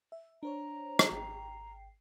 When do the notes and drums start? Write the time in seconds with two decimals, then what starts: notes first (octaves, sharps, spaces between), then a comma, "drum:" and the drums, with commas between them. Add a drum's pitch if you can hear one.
0.12 E5
0.43 D4 C5 C#5 A#5
0.99 drum: rim click
1.12 G#1 G5 C7